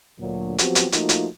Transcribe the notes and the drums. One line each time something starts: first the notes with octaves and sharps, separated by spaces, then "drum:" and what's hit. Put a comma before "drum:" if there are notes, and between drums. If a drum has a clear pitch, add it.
D2 A#2 F#3
F3 F#3 B3 C4 F#4 G4, drum: hi-hat
drum: hi-hat
F3 A3 A#3 D#4 F4 F#4, drum: hi-hat
drum: hi-hat